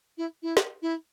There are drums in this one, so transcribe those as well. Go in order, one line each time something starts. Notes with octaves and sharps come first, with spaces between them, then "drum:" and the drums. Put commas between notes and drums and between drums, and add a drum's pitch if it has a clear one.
E4
E4
drum: snare
E4